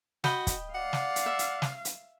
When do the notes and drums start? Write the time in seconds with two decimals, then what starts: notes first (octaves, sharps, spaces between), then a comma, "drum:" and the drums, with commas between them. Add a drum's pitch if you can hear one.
0.24 F#4 D#5 G5 B5, drum: snare
0.47 drum: kick, hi-hat
0.75 D5 F5 F#5
0.93 drum: snare
1.16 drum: hi-hat
1.26 E5
1.39 drum: hi-hat
1.62 drum: snare
1.85 drum: hi-hat